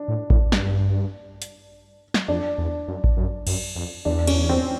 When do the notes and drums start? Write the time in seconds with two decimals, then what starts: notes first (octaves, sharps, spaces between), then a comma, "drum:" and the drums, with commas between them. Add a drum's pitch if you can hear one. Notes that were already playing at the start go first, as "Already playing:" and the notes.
Already playing: D4
0.08 A2
0.30 A2, drum: kick A1
0.52 G2, drum: snare
1.42 drum: hi-hat
2.14 drum: snare
2.28 F2 D4
2.58 E2
2.88 F#2
3.04 drum: kick A1
3.17 F#2
3.47 F#2, drum: cymbal
3.75 F2
4.05 E2 D4
4.27 C#4, drum: cymbal
4.49 C4